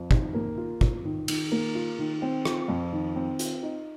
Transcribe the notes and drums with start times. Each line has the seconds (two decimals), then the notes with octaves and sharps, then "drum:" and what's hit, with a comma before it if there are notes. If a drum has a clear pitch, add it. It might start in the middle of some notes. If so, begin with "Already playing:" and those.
Already playing: F2
0.11 D#3, drum: kick
0.34 A#3
0.58 F4
0.81 F4, drum: kick
1.04 D#3
1.28 D#3, drum: cymbal
1.52 A#3
1.75 F4
1.99 D#3
2.22 C4
2.45 F4, drum: rim click
2.68 F2
2.92 D#3
3.16 C4
3.39 F4, drum: hi-hat
3.63 D#4